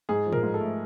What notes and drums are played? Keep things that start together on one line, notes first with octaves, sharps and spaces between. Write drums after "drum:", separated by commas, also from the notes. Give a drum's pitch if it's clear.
G#2 G#4
F3
A#4, drum: tom A2
G#2
A4
A3